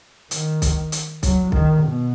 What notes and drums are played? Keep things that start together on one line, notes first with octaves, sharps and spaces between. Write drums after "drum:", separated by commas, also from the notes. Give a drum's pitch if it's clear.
D#3, drum: hi-hat
drum: kick B1, hi-hat
drum: hi-hat
F#3, drum: kick B1, hi-hat
D#3, drum: kick B1
B2